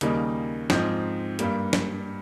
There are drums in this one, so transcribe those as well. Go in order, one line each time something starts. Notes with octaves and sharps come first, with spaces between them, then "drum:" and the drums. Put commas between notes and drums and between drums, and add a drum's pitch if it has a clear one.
D#2 C#3 G3 A#3 D#4, drum: hi-hat
G#2 F3 C4 D#4, drum: snare
G2 G3 A#3, drum: hi-hat
drum: snare